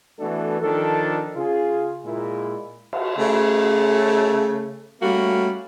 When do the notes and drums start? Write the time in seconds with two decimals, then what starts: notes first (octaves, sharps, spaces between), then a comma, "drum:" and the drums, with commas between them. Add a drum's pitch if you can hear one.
0.19 E3 A3 B3 D4 F#4 A4
0.60 D#3 F3 D4 A4
1.36 C#3 F4 G#4
2.05 A#2 G#3 E4
2.93 drum: cymbal
3.17 C#3 A3
5.01 G3 A3 A#3 C#4 F#4